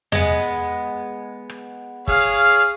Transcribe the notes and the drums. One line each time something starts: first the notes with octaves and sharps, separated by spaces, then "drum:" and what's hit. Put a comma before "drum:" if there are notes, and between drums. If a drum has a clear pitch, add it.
G#3 B3, drum: tom E2
drum: hi-hat
drum: rim click
G#4 C#5 F5, drum: kick